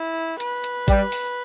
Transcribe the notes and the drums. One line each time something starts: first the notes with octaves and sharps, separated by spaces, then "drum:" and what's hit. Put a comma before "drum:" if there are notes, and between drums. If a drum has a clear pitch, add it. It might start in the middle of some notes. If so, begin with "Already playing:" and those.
Already playing: E4
B4, drum: hi-hat
drum: hi-hat
G3, drum: kick G#1, hi-hat
drum: open hi-hat